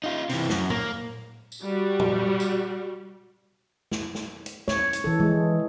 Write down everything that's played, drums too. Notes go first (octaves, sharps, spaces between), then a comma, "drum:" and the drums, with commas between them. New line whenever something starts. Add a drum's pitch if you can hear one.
D#4 F4
C3 E3, drum: open hi-hat
F#2, drum: snare
A#3, drum: tom A2
drum: tambourine
G3 F#4
drum: tom A#2
drum: tambourine
drum: snare
drum: snare
drum: hi-hat
C#5, drum: snare
drum: hi-hat
E3 A4
E3 G#3